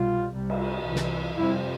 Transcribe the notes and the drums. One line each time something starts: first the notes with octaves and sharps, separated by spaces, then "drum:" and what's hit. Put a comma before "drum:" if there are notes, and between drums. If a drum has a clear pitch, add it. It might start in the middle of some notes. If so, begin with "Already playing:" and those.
Already playing: C2 B2 G3 F4
C2 C3 G3
drum: cymbal
C2 C3 E3
drum: snare
F2 C3 G3 C4 E4